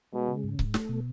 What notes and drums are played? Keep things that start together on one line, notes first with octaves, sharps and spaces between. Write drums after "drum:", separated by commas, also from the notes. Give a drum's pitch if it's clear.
B2 G#3
C#3
G#2
G#2, drum: kick C#1
A3, drum: snare
B2